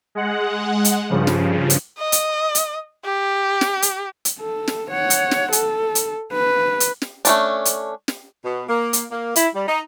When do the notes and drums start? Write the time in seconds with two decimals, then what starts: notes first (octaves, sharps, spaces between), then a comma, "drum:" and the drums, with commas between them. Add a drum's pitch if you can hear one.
0.15 G#3 F#5
0.85 drum: hi-hat
1.09 G2 C#3 F3
1.27 drum: snare
1.70 drum: hi-hat
1.98 D#5
2.12 drum: hi-hat
2.55 drum: hi-hat
3.05 G4
3.61 drum: snare
3.82 drum: hi-hat
4.25 drum: hi-hat
4.40 A4
4.68 drum: snare
4.91 C#5 F#5
5.10 drum: hi-hat
5.31 drum: snare
5.52 A4, drum: hi-hat
5.95 drum: hi-hat
6.33 B4
6.80 drum: hi-hat
7.02 drum: snare
7.25 A3 C#4 D4, drum: hi-hat
7.65 drum: hi-hat
8.08 drum: snare
8.44 B2
8.69 A#3
8.93 drum: hi-hat
9.11 A#3
9.36 E4, drum: hi-hat
9.55 G3
9.68 D#4